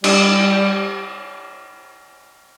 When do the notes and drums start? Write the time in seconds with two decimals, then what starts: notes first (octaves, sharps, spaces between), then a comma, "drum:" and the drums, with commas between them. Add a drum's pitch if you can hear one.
0.04 G3, drum: cymbal